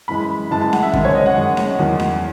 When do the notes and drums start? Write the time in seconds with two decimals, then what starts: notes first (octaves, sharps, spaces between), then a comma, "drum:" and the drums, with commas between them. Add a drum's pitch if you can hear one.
0.08 F#2 E3 G#3 B5
0.51 F#2 E3 G#3 A5
0.61 A5
0.73 F#5, drum: snare C#4
0.83 E5
0.94 F#2 D#3 G#3, drum: kick
1.05 C#5
1.15 D#5
1.26 F#5
1.36 F#2 D#3 G#3
1.57 drum: snare C#4
1.79 E2 D#3 F#3
2.00 drum: snare C#4